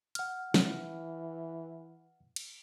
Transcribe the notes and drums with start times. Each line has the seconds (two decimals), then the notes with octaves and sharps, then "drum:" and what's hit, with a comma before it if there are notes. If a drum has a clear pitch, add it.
0.15 F#5 F6, drum: hi-hat
0.54 E3, drum: snare
2.36 drum: cymbal